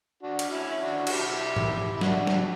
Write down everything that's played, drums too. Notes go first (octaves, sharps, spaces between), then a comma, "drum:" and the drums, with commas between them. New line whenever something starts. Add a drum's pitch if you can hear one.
D4 F#4
drum: cymbal
C#4 E4
D4 F#4
F#4, drum: cymbal
E4 G4
drum: tom
E4
D4 F#4, drum: snare
drum: snare